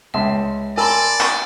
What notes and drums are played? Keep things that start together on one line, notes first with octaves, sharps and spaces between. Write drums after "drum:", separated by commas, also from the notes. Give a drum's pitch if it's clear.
C#2 E5 A5 C6
A#4 D5 G#5 A5 B5 C6 E6
drum: clap